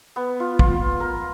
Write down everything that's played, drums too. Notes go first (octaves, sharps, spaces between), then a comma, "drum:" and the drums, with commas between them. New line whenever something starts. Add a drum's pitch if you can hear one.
B3
F4
F4, drum: kick
A#4